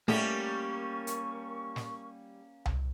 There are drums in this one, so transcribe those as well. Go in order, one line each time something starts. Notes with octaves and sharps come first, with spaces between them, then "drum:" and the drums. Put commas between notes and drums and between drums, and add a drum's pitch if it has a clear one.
G3 A3 A#3 C#4 G4 A#4 C#6, drum: snare
drum: hi-hat
drum: snare
drum: tom C2